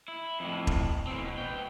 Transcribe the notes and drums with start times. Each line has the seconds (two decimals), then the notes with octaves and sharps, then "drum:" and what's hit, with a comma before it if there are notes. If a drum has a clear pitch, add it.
0.08 E4
0.40 F2 A2
0.67 drum: kick E1
1.07 E3 C4
1.21 B2
1.38 B4 G5